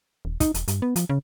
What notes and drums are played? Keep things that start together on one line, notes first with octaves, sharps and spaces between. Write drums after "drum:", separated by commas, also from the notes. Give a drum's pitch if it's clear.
D#1
D#4, drum: kick, hi-hat
E1, drum: hi-hat
G2, drum: hi-hat
B3
F3, drum: hi-hat
C#3